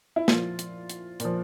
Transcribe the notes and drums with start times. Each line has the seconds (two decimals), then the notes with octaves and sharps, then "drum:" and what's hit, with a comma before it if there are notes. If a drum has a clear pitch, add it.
0.16 E4
0.28 A#2 F3 F4, drum: snare
0.59 drum: hi-hat
0.90 drum: hi-hat
1.20 A#2 F3, drum: hi-hat